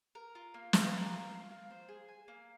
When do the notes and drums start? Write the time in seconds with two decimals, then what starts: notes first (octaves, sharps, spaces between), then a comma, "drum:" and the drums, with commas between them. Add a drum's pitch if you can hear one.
0.15 A#4
0.35 F4
0.54 A#3
0.73 A#3, drum: snare
0.93 A#4
1.12 F4
1.31 A#3
1.51 A#3
1.70 C5
1.89 G#4
2.08 G#5
2.28 A#3